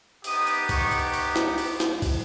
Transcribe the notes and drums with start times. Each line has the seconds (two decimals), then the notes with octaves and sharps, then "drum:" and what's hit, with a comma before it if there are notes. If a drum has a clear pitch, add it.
0.24 B3 D#4 G4 D#6, drum: cymbal
0.47 drum: cymbal
0.69 C#6, drum: kick, cymbal
0.91 drum: cymbal
1.13 drum: cymbal
1.36 drum: snare
1.58 drum: cymbal
1.80 drum: snare
2.02 drum: kick, cymbal